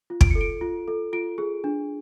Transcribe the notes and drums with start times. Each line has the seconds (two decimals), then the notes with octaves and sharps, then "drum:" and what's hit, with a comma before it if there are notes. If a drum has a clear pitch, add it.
0.10 F4
0.21 D7, drum: kick
0.31 A4 C#7
0.41 D7
0.61 F4
0.88 A4
1.13 F4 D7
1.38 G#4
1.64 D4